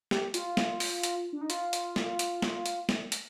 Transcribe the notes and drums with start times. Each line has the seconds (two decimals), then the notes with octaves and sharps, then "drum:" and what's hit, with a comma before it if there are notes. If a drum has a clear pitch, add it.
0.11 G4, drum: snare
0.34 F4, drum: hi-hat
0.57 drum: snare
0.80 drum: open hi-hat
1.03 drum: hi-hat
1.33 D4
1.41 D#4
1.50 F4, drum: hi-hat
1.73 drum: hi-hat
1.96 drum: snare
2.19 drum: hi-hat
2.42 drum: snare
2.66 drum: hi-hat
2.89 drum: snare
3.12 drum: hi-hat